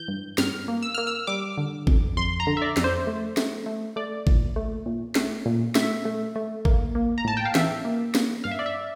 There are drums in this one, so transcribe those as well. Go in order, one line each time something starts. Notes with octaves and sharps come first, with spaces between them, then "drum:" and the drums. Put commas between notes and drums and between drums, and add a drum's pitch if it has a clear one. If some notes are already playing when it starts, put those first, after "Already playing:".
Already playing: E3 G6
G2
G2 F6, drum: snare
A#3
E6
A#3 F6
E6
G3 D6
D3
F2, drum: kick G#1
F2 C6
A#5
D3
E5
D5
F2, drum: snare
C5
A3
A3, drum: snare
A3
A3 D5
A#2, drum: kick G#1
A3
A#2
A3, drum: snare
A#2
A3 E5, drum: snare
A3
A3
A#3, drum: kick G#1
A#3
A#5
A2 A5
G5
F5
E3 E5, drum: snare
A#3
A#3, drum: snare
G2 F5
E5
D5
E5